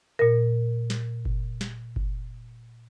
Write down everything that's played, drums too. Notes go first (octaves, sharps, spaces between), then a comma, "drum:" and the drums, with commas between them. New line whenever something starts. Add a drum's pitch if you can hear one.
A#2 A#4
drum: snare
drum: kick F#1
drum: snare
drum: kick F#1